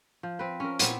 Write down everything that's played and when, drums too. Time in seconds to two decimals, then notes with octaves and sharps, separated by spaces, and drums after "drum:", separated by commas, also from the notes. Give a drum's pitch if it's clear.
0.23 F3
0.39 C4 B4
0.60 C#4 A#4
0.79 A#2 B3 C4, drum: hi-hat